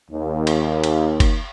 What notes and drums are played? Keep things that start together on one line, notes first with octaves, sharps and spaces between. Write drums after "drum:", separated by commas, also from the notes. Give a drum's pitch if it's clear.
D#2
drum: cymbal
drum: cymbal
drum: kick F#1, cymbal